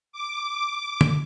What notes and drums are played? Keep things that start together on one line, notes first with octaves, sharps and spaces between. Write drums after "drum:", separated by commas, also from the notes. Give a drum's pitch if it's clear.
D6
drum: tom